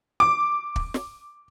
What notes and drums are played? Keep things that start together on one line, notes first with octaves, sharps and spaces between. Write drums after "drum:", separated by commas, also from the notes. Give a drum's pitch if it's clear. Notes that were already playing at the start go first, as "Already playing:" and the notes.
D6
drum: kick
drum: snare